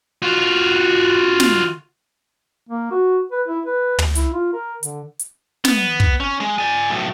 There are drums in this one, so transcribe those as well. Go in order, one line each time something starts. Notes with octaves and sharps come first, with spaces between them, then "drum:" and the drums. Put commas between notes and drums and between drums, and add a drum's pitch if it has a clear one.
F4 F#4
drum: snare
A#3
F#4
B4
E4
B4
drum: tom
E4, drum: hi-hat
F4
A#4
D3, drum: hi-hat
drum: hi-hat
B3, drum: snare
drum: kick
C#4
G#3
D5 G#5
B1 A2